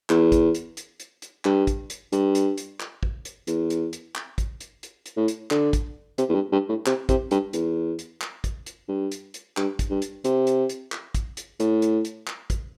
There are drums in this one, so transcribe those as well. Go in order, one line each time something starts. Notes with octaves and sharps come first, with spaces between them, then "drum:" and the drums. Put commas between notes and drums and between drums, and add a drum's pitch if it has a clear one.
E2, drum: clap
drum: kick, hi-hat
drum: hi-hat
drum: hi-hat
drum: hi-hat
drum: hi-hat
G2, drum: clap
drum: kick, hi-hat
drum: hi-hat
G2, drum: hi-hat
drum: hi-hat
drum: hi-hat
drum: clap
drum: kick
drum: hi-hat
E2, drum: hi-hat
drum: hi-hat
drum: hi-hat
drum: clap
drum: kick, hi-hat
drum: hi-hat
drum: hi-hat
drum: hi-hat
A2
drum: hi-hat
D3, drum: clap
drum: kick, hi-hat
C3, drum: hi-hat
E2
G2
G2
A2
C3, drum: clap
C3, drum: kick, hi-hat
G2, drum: hi-hat
E2, drum: hi-hat
drum: hi-hat
drum: clap
drum: kick, hi-hat
drum: hi-hat
G2
drum: hi-hat
drum: hi-hat
G2, drum: clap
drum: kick, hi-hat
G2
drum: hi-hat
C3, drum: hi-hat
drum: hi-hat
drum: hi-hat
drum: clap
drum: kick, hi-hat
drum: hi-hat
A2, drum: hi-hat
drum: hi-hat
drum: hi-hat
drum: clap
drum: kick, hi-hat